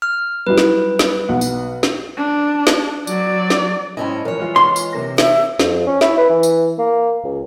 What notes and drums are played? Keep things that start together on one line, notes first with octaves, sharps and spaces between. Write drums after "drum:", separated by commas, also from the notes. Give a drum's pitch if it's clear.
F6
F#3 G3 E4 B4
drum: snare
drum: snare
B1 F#5
drum: tambourine
drum: snare
D4
drum: snare
F#3 D5, drum: tambourine
drum: snare
G#2 C#4 E4 D#5 G5 A5
E3 F3 A#4 C#5
G#3 F4
C6
drum: tambourine
C3 A#3 A#6
E5, drum: snare
F2, drum: snare
C#4
E4, drum: snare
B4
E3
drum: tambourine
A#3
C#2